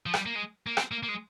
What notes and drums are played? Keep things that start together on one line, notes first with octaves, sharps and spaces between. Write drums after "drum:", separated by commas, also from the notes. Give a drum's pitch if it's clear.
F3
G3, drum: rim click
A#3
G#3
A#3
C4, drum: rim click
A#3
A#3
G#3